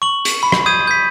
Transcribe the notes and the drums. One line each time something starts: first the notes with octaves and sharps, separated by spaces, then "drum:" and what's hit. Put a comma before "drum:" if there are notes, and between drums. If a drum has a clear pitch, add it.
C#6 F#7
drum: hi-hat
B5
drum: rim click
D#6 G6 G#6 D#7
G6 B6